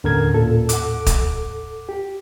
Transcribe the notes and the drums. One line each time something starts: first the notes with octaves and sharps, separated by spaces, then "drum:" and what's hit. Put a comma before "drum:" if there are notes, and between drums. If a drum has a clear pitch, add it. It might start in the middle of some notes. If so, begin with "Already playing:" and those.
D#2 A2 D3 C#4 A#4 G#6
A#2 A4
F#5 D6, drum: hi-hat
drum: kick, hi-hat
G4